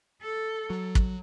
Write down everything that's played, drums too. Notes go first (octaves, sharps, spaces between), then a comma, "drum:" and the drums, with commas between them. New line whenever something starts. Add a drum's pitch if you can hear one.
A4
F#3
drum: kick